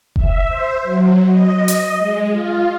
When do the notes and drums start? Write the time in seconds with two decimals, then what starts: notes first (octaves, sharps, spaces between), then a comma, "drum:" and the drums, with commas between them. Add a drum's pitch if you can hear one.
0.16 E5, drum: kick F1
0.48 C5
0.82 F#3
1.25 D#5
1.68 D#5, drum: hi-hat
1.97 G#3
2.30 F4